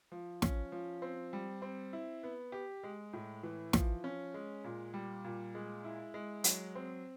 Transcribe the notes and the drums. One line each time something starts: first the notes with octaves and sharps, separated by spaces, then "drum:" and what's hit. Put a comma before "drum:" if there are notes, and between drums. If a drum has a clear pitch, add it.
F3
C#4, drum: snare
F3
C4
G3
C4
E4
B3
G4
G#3
A2
E3
F3, drum: snare
C#4
G#3
A#2
G3
A#2
G#3
E4
G#3
F#3, drum: hi-hat
C4